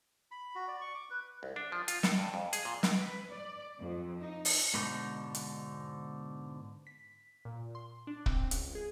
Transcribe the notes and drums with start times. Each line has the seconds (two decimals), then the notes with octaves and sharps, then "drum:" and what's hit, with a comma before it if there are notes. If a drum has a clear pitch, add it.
0.31 B5
0.55 F#4
0.68 D5
0.81 C#6
0.94 D6
1.10 B4
1.43 C2
1.56 D4
1.72 F3
1.88 F4, drum: hi-hat
2.03 A4, drum: snare
2.18 G2
2.34 F2
2.53 G#4, drum: hi-hat
2.65 A#2
2.83 drum: snare
2.96 B4
3.30 D5
3.77 F2
4.20 D#4
4.45 drum: open hi-hat
4.74 G#2 B2 D3 D#4
5.35 drum: hi-hat
6.87 B6
7.45 A#2
7.75 C6
8.07 D4
8.26 C4, drum: kick
8.51 C#2, drum: hi-hat
8.75 G#4